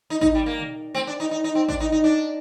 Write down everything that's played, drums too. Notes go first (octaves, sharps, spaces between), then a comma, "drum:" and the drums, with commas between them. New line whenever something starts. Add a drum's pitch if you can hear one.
D#4
D#4, drum: kick
G3
A#3
drum: tom
C4, drum: snare
D4
D#4
D#4
D#4
C4
D4, drum: kick
D#4
D#4
D4